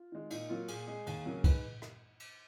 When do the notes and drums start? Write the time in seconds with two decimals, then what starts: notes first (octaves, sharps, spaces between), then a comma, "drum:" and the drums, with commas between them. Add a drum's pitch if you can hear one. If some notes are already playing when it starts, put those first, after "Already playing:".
Already playing: F4
0.12 D#3 G#3
0.30 A#2 D#4, drum: cymbal
0.49 F#3 A#3 F4
0.68 A#2 G#4, drum: cymbal
0.87 G#3 G#4
1.07 D#2, drum: cymbal
1.26 C#3 F#3 A#3
1.44 G#2 B4, drum: kick, cymbal
1.82 drum: rim click
2.20 drum: cymbal